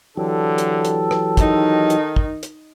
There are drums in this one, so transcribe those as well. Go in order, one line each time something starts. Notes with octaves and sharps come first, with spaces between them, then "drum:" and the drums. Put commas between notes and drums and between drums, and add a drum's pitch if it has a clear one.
D3 E3 F#3 G4 A4
drum: hi-hat
drum: hi-hat
drum: rim click
D#3 D#4, drum: kick, hi-hat
drum: hi-hat
drum: kick
drum: hi-hat